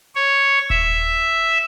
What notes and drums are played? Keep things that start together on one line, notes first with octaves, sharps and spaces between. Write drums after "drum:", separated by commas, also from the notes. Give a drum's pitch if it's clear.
C#5
E5, drum: kick D#1